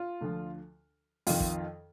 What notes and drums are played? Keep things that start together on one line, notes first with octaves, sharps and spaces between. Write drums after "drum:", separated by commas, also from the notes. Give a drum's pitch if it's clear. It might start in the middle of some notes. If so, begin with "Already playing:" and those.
Already playing: F4
D2 D3 F3
F2 D#3 F4, drum: open hi-hat
drum: kick